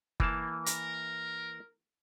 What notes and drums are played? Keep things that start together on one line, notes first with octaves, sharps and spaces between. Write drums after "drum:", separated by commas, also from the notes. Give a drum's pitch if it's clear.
E3 A#3 A5, drum: kick F#1
A#4, drum: hi-hat